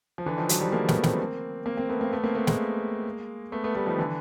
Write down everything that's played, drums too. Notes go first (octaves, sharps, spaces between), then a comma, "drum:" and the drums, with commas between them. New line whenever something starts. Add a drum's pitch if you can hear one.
F3
D3 E3
D#3 F3
E3 F#3, drum: hi-hat
F3 G3
G#3 A#3
A3 B3, drum: snare
A#3 C4, drum: snare
A#3 C4
A#3 C4
A3 B3
A#3 C4
A3 B3
A#3 C4
A3 B3
G#3 A#3, drum: snare
A3 B3
A3 B3
G3 A3
D#3 F3
D3 E3